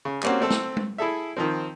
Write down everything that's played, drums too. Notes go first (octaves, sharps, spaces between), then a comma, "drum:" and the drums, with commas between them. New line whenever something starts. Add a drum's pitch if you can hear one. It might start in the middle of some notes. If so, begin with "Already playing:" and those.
C#3
G3 A#3 C4 C#4 F#4, drum: clap
A3 C4 A4
drum: snare
drum: tom G#3
E4 G#4 A4 E5
D#3 F3 C4